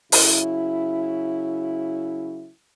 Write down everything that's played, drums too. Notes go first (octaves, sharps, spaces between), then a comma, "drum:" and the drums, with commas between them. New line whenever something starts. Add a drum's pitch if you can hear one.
C#3 F#3 E4, drum: open hi-hat